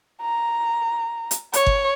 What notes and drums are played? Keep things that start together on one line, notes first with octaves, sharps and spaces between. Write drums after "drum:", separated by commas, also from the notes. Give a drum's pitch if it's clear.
A#5
drum: hi-hat
C#5, drum: hi-hat
drum: kick G1